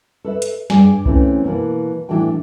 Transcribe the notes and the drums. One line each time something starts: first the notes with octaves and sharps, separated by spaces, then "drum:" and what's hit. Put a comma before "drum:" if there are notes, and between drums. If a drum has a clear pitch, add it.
A4 B4 E5
drum: hi-hat
G2 A#2 G#4 D5 G#5, drum: snare
E3 A3 C4 C#4, drum: kick B1
B2 E3 A#3 B3
A2 E3 D4 F#4 A4 G5